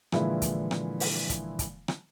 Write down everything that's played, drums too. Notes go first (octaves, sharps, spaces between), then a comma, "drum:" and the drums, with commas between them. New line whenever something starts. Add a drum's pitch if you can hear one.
A#2 D3 E3 F3 G#3 E4, drum: rim click
drum: kick, hi-hat
drum: rim click
drum: open hi-hat
drum: kick, hi-hat
drum: kick, hi-hat
drum: rim click